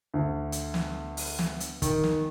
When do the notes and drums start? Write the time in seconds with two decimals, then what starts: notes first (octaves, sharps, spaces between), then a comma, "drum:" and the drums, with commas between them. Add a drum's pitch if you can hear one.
0.14 D2
0.52 drum: hi-hat
0.74 drum: snare
1.17 drum: open hi-hat
1.39 drum: snare
1.60 drum: hi-hat
1.82 D#3, drum: kick, hi-hat
2.04 drum: snare